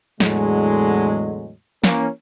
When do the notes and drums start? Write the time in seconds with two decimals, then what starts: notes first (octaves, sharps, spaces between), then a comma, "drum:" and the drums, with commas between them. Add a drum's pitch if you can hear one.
0.20 E2 A2 D3 F#3 G#3, drum: snare
1.84 E3 A#3 C#4, drum: snare